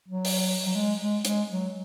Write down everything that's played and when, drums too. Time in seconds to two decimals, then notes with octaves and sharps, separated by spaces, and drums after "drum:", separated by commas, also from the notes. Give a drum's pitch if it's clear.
0.09 F#3
0.25 drum: open hi-hat
0.66 F#3
0.76 G#3
1.01 G#3
1.25 G#3, drum: hi-hat
1.50 F#3